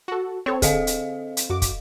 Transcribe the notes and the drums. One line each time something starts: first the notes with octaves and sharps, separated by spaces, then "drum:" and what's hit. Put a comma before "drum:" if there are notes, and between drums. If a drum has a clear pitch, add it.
F#4 A4
C4 A4 C#5
D3 G#4 A4 D#5 F5, drum: kick, hi-hat
drum: hi-hat
drum: hi-hat
F#2 F#4 D6
drum: kick, hi-hat